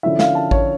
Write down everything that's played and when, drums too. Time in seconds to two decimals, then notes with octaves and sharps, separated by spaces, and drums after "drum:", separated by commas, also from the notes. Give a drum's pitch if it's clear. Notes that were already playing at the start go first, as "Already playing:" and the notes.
0.03 D3 F3 C#4 E4 E5
0.19 F5, drum: snare
0.35 A5
0.51 C#5, drum: kick A1